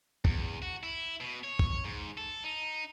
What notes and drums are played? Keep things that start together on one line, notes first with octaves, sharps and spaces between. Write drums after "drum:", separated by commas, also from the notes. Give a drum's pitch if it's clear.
E2, drum: kick
F#4
E4
B2
C#5
drum: kick
G#2
A4
D#4